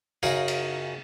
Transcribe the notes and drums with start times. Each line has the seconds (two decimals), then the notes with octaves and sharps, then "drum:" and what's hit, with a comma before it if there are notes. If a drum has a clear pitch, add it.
0.23 F#2 C#3 D#4 G#4 F5, drum: tambourine
0.48 drum: cymbal